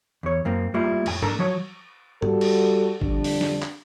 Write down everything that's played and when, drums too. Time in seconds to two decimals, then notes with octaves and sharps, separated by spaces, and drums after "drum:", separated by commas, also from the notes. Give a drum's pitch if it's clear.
0.23 E2 C#5
0.45 F#2 A#3 C4
0.74 G3 A3 A#3 E4 F4
1.06 F2 A2 G#5, drum: cymbal
1.22 A3 D4 A4 A#4, drum: tom G#2
1.39 F3 F#3 C#5
2.22 G3 F#4 A4, drum: tom G#2
2.41 drum: cymbal
3.02 F2 D3 G3 D4, drum: kick
3.24 drum: open hi-hat
3.41 drum: snare
3.62 drum: clap